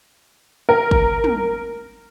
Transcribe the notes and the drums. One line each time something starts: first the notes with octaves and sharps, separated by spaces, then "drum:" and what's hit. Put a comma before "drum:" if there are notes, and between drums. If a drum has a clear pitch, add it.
A#4
drum: kick
drum: tom